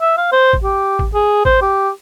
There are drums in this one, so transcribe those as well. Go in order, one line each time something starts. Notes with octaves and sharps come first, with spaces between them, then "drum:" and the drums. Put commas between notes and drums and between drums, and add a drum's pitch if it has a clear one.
E5
F5
C5
drum: kick G#1
G4
drum: kick G#1
G#4
C5, drum: kick G#1
G4